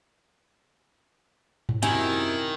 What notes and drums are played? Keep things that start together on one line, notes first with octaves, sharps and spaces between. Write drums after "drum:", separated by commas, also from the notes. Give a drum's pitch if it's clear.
drum: tom G#2
F#2 C3 D#3 E4 G#5, drum: hi-hat